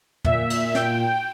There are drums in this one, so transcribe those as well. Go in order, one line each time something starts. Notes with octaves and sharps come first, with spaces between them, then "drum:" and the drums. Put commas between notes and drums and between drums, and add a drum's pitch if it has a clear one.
A#2 E5, drum: tom
drum: cymbal
G5, drum: snare